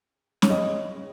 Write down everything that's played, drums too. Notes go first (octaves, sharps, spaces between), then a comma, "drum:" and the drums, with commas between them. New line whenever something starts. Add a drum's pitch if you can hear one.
C#5, drum: snare
D#5